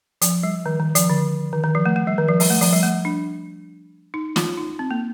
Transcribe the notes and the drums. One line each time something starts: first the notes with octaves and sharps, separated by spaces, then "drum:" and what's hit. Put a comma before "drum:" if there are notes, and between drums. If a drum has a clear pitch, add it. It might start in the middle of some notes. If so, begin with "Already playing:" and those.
F3, drum: hi-hat
G3
D#3
D#3
F3, drum: hi-hat
D3
D#3
D#3
F3
A3
A3
G3
D#3
F3
G3, drum: open hi-hat
A3
F3, drum: open hi-hat
G3
A3
D4
D#4
F4, drum: snare
D#4
C4
A#3